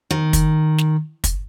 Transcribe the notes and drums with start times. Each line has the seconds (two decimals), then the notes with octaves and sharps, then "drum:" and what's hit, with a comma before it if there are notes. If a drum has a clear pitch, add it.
0.11 D#3
0.33 drum: kick, hi-hat
0.78 drum: snare
1.24 drum: kick, hi-hat